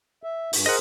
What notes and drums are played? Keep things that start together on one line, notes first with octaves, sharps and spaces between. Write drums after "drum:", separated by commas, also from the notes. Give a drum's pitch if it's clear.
E5
G2, drum: open hi-hat
G#4 A#4 C5 D#5 F#5